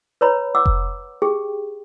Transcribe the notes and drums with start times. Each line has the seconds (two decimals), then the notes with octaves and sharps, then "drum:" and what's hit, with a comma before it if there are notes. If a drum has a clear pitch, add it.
0.21 B4 C#5 A#5 B5
0.55 F#5 D6 E6
0.66 drum: kick F1
1.22 G4 G#4 G5